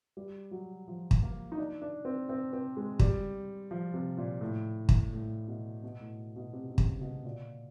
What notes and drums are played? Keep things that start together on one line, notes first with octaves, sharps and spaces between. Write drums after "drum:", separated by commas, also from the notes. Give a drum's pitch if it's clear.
G3
F#3
F3
drum: kick
A#3
D#4
D4
D4
C4
C4
C4
G#3
G3, drum: kick
F3
C3
A#2
A2
drum: kick
A2
B2
B2
A2
B2
C3
C3
C#3, drum: kick
B2
A#2